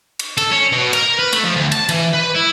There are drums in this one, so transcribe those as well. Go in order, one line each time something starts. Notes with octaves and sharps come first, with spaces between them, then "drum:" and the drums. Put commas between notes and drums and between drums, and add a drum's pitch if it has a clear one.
drum: cymbal
A4, drum: cymbal
C#4
B2
A#4, drum: cymbal
B4
A3, drum: cymbal
F3
D2
A5, drum: cymbal
E3, drum: cymbal
B4
E4